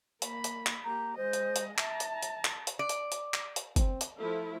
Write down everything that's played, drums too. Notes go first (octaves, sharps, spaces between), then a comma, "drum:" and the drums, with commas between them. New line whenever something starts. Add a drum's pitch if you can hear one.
A#3 B5, drum: hi-hat
drum: hi-hat
drum: clap
A#3 G4 A#5
G#3 C5 D#5
drum: hi-hat
drum: hi-hat
E5 A5 A#5, drum: clap
drum: hi-hat
drum: hi-hat
drum: clap
drum: hi-hat
D5
drum: hi-hat
drum: hi-hat
drum: clap
drum: hi-hat
C4, drum: kick F#1, hi-hat
drum: hi-hat
F3 A3 E4 A4